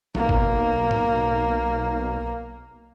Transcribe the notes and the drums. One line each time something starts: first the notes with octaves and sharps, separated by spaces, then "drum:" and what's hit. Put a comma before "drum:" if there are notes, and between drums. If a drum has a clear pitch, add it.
B1 A#3, drum: tom E3
drum: kick G#1
drum: tom G#2